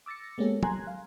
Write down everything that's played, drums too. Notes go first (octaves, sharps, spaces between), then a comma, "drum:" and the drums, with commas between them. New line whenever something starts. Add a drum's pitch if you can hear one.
D6 E6 A6 A#6 C#7
G#3 A#3 B3 C#4 G4 A4
G#5 A#5 C6 F#6 G#6, drum: tom
F5